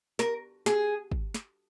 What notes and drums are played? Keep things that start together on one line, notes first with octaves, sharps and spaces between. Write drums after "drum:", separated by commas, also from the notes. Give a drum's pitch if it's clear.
A#4, drum: snare
G#4, drum: snare
drum: kick
drum: snare